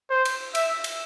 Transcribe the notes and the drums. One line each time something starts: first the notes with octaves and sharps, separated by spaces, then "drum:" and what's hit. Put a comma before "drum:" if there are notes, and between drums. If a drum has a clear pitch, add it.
C5
drum: cymbal
E5, drum: cymbal
drum: cymbal